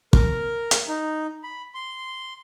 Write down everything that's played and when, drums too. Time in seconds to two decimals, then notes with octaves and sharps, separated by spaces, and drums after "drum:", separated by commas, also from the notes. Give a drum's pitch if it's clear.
0.13 A#4, drum: kick
0.71 drum: hi-hat
0.88 D#4
1.43 B5
1.74 C6